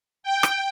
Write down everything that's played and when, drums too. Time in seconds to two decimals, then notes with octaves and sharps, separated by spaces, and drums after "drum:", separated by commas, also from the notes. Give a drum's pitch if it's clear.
0.23 G5
0.43 drum: rim click